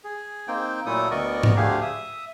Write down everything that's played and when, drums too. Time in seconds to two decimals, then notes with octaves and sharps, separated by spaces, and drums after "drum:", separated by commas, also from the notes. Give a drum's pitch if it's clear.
0.04 G#4
0.48 A#3 C4 D#4 G5
0.86 A#2 F#3 A3 E4 A4 D#6
1.11 D2 B3 A#4 D5 D#5 C#6
1.43 drum: tom G#2
1.56 D2 D3 A3 G4 G#4 F5
1.81 E5 D#6